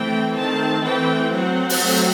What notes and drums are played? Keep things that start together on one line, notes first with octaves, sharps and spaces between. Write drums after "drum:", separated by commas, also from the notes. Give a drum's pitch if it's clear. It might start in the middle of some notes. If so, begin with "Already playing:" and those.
Already playing: E3 A3 C4 G5
D#3 A3 C4 A5
E3 A3 C4 G5
F#3 C4 F#5
drum: open hi-hat
F#3 A3 C4